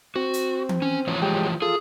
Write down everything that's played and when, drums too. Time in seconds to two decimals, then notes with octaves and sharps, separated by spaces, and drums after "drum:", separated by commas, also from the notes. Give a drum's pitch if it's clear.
0.16 C4 F#4
0.33 drum: hi-hat
0.69 drum: tom E3
0.82 C#4
1.07 E3 F3 C#5
1.22 G#3 G4 G5
1.62 F4 G#4 A4